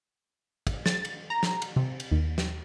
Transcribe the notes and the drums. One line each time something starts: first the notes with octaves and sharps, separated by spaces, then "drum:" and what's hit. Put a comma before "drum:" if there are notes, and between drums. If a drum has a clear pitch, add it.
drum: kick, cymbal
A6, drum: snare
drum: cymbal
A#5
drum: snare
drum: cymbal
C3
drum: cymbal
D#2
drum: snare